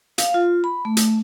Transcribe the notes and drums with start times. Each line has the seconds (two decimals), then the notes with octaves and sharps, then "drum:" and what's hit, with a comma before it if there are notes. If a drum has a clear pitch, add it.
0.18 F5, drum: hi-hat
0.34 F4
0.64 B5
0.85 A3
0.97 drum: hi-hat